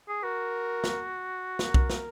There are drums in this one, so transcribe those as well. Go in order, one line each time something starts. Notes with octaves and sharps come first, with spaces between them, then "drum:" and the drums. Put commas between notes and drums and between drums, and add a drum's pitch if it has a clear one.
G#4
F#4 A#4
drum: snare
A#4, drum: snare
drum: kick B1
drum: snare